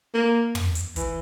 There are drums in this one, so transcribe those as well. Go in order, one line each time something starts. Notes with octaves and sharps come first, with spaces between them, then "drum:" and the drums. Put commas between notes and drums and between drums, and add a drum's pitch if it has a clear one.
A#3
drum: tom
drum: hi-hat
E3, drum: kick, hi-hat